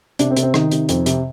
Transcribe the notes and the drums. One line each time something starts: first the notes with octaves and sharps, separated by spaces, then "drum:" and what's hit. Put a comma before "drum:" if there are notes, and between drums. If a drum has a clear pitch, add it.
C3 D4, drum: hi-hat
C4
C3, drum: hi-hat
C4
D#3 D#4, drum: rim click
C3, drum: hi-hat
F2, drum: hi-hat
C3, drum: hi-hat